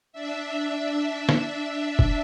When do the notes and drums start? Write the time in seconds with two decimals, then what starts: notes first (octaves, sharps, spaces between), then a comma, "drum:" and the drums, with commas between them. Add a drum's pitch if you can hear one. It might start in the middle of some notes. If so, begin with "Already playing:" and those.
0.12 D4 E5
1.29 drum: snare
1.99 drum: kick F1